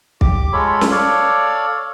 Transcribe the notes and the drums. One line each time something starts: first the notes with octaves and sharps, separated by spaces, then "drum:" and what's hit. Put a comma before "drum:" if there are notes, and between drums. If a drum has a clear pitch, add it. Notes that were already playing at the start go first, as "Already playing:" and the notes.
G4 D6, drum: kick
G#3 F4 A4 C#5 B5
drum: snare
A4 C#5 D5 F5